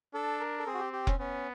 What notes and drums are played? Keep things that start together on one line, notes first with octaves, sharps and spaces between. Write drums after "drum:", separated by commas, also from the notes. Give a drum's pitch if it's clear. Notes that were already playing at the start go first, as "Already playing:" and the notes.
D4 A4
A#4
A4
C4 G#4
F#4
G4
G4
C#4, drum: kick F1
B3 C#4